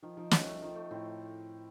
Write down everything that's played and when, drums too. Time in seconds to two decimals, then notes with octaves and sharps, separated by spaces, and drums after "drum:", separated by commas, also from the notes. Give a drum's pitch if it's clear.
0.03 D#3 F3
0.17 D#3 F3
0.31 C4, drum: snare
0.46 A3
0.62 D#3 F3
0.76 A3
0.91 A2 C4